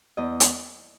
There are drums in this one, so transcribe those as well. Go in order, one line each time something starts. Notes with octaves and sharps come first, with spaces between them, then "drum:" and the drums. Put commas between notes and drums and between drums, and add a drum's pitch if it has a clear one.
E2 D#5
drum: hi-hat